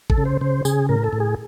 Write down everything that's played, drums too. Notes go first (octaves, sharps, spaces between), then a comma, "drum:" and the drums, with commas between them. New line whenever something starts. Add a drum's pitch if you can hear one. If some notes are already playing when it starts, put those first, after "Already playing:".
A4, drum: kick G#1
C#3
C5
C#3 C5
C#3 G#4, drum: tambourine
A2 A#4
A4
A2
G#4